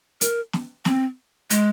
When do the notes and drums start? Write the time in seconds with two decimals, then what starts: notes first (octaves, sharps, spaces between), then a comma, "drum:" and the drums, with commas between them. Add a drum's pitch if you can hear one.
0.21 A#4, drum: hi-hat
0.53 drum: snare
0.85 C4, drum: snare
1.50 G#3, drum: hi-hat